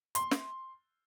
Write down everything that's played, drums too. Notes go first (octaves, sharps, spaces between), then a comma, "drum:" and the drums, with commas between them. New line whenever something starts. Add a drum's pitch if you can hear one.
C6, drum: hi-hat
drum: snare